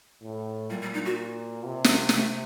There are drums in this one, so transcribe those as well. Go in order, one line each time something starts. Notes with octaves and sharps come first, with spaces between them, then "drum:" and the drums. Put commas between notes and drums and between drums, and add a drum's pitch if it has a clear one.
A2
A#2 G3
G3
D#4
F#4
C3
drum: snare
G3, drum: snare
C3 A3